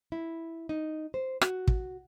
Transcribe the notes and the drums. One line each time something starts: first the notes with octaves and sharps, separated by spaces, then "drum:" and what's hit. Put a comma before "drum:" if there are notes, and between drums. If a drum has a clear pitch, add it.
E4
D#4
C5
F#4, drum: rim click
drum: kick